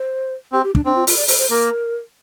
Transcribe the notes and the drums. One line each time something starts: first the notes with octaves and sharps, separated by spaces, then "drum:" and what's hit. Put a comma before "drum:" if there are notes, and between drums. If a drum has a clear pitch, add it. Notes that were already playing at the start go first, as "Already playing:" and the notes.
Already playing: C5
C4 G4
G4
D4, drum: kick
C4 D4
F4
F4, drum: open hi-hat
D5
C5, drum: open hi-hat
C5
A#3 A#4